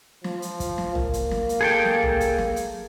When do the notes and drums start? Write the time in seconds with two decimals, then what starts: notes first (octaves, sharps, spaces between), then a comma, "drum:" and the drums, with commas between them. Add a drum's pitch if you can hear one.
0.24 F3, drum: snare
0.42 drum: hi-hat
0.60 drum: kick, hi-hat
0.78 drum: snare
0.95 A#3, drum: tom
1.14 drum: hi-hat
1.31 drum: snare
1.49 drum: hi-hat
1.61 G#4 A4 G5
1.85 drum: snare
2.03 drum: tom
2.21 drum: hi-hat
2.38 drum: snare
2.56 drum: hi-hat